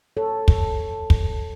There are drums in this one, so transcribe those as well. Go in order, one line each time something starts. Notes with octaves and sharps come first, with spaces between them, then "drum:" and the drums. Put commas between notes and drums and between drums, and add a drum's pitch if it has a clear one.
A4 C#5
drum: kick
drum: kick